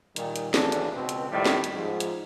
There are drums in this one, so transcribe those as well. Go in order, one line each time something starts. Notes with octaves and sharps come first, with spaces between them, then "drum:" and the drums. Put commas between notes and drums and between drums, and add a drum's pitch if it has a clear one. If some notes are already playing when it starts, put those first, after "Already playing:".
A#2 D#3 G3, drum: hi-hat
drum: hi-hat
G#1 E2 A2 C#3 F#3 D4, drum: snare
drum: hi-hat
C#2 B2 C4
drum: hi-hat
D#2 A2 D#3 F3 G3
drum: snare
drum: hi-hat
G#2 F3
drum: hi-hat